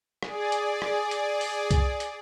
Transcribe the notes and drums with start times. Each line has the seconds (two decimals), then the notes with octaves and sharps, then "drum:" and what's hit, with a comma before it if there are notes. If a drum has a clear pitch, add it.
0.23 G#4 D5, drum: rim click
0.52 drum: hi-hat
0.82 drum: rim click
1.11 drum: hi-hat
1.41 drum: open hi-hat
1.71 drum: kick C2, hi-hat
2.00 drum: hi-hat